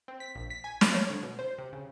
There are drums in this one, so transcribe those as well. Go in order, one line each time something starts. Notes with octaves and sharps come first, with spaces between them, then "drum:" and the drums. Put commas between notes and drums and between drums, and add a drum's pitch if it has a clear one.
C4
B6
A#1
B6
G#5
D5, drum: snare
C#5
D3
B2
C5
C3
C#3